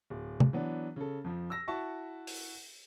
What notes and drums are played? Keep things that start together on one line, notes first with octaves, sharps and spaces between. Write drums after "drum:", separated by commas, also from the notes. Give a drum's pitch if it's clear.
D1
drum: tom
E3 F#3 B3 D4
C#3 A4
F2 F3
E6 A#6
E4 F#4 E5 A5 C#6
drum: open hi-hat